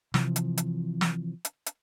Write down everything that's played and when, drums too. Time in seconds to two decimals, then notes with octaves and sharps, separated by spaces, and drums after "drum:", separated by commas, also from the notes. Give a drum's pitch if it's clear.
0.14 C3 E3 F3, drum: snare
0.36 drum: hi-hat
0.57 drum: hi-hat
1.01 drum: snare
1.45 drum: hi-hat
1.66 drum: hi-hat